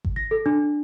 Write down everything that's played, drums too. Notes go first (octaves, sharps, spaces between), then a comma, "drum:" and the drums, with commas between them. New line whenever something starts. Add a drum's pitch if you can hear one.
drum: kick G#1
A#6
A4
D4